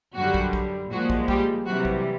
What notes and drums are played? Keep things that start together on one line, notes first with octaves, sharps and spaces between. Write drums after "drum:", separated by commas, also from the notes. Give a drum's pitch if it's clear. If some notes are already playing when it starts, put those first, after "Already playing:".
F#2 D3 F#3 G3 F#4
drum: kick
drum: kick
A#2 F3 F#3 G#3 F#4
drum: kick
G3 G4, drum: kick
C3 E3 F#3 G3 F#4
drum: kick